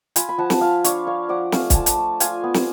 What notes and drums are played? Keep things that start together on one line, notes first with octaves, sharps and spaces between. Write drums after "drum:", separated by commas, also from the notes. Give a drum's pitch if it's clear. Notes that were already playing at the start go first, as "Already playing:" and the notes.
F4 G#5 B5, drum: hi-hat
B5
F3 F#5 A5
drum: snare
F4 F5 G#5
D4 C#5 F5, drum: hi-hat
D4 C#5 F5
F3 D5 F#5
A3 F5 G#5, drum: snare
F4 F#5 G#5 A5, drum: kick, hi-hat
drum: hi-hat
A3
F4 F5 G#5, drum: hi-hat
B3
drum: snare